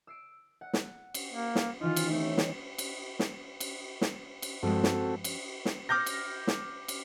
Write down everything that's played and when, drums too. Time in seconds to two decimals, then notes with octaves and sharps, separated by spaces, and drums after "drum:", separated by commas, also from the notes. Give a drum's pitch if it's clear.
0.07 E6 C7 D7
0.61 F#5
0.73 drum: snare
1.14 drum: cymbal
1.33 A#3
1.55 drum: snare
1.80 D#3 E3 D#4 F4
1.96 drum: cymbal
2.10 A3 C4 C#4 D#4
2.37 drum: snare
2.78 drum: cymbal
3.19 drum: snare
3.60 drum: cymbal
4.01 drum: snare
4.42 drum: cymbal
4.63 G2 F3 G#3 C4 F#4 A4
4.83 drum: snare
5.24 drum: cymbal
5.65 drum: snare
5.89 D6 F6 G6 A#6
6.06 drum: cymbal
6.47 drum: snare
6.88 drum: cymbal